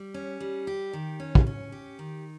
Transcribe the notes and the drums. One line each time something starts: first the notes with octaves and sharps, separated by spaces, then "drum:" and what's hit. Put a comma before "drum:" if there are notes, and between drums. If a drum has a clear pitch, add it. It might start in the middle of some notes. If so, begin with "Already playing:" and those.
Already playing: G3
C#4
G3
G4
D#3
C#4
drum: kick
C#4
G4
D#3